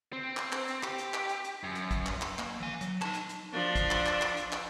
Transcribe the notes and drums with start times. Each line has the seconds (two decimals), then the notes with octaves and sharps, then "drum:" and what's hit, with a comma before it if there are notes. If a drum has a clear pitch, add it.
0.13 C4
0.37 drum: clap
0.52 drum: clap
0.68 drum: hi-hat
0.83 G4, drum: clap
0.98 drum: hi-hat
1.14 drum: clap
1.29 drum: hi-hat
1.45 drum: hi-hat
1.64 F#2
1.75 drum: hi-hat
1.91 drum: kick, hi-hat
2.06 drum: clap
2.22 drum: clap
2.39 A#3, drum: clap
2.60 F3 G#5
2.81 F#3, drum: hi-hat
3.01 D#4 A5, drum: clap
3.14 drum: hi-hat
3.29 drum: hi-hat
3.53 F3 D4
3.75 drum: kick, hi-hat
3.91 drum: clap
4.06 drum: clap
4.22 drum: clap
4.37 drum: hi-hat
4.52 drum: clap